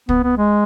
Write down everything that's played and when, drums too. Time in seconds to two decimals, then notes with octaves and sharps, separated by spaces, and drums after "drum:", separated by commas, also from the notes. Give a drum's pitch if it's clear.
0.09 B3, drum: kick
0.23 B3
0.37 G#3